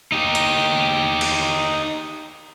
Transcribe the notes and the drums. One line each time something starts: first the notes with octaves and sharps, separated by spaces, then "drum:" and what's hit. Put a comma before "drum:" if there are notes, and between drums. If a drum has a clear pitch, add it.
D#4 G4
drum: hi-hat
drum: cymbal